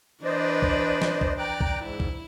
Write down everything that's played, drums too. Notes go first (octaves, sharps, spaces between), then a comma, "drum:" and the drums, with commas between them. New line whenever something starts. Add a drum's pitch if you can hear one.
E3 D4 B4 C5 D5 D#5
drum: kick
drum: snare
drum: kick
D5 G5 A#5 F#6
drum: kick
G#2 E4
drum: kick